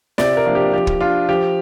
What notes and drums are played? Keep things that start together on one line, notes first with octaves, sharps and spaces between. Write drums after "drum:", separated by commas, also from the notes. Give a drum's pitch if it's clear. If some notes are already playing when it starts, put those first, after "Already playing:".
C3 D5, drum: snare
A#4
F3 A#3 D4
G4
F3 G4
drum: kick
D4 F4
F3 G4